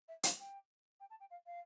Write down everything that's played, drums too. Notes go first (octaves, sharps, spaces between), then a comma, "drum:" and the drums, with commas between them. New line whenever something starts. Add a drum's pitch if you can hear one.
E5
F5, drum: hi-hat
G5
G5
A5
G5
F5
F5